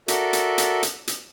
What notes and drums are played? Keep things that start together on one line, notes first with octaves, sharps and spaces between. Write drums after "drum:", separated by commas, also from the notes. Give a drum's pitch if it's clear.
F#4 A4 A#4 D5 E5, drum: hi-hat
drum: hi-hat
drum: hi-hat
drum: hi-hat
drum: hi-hat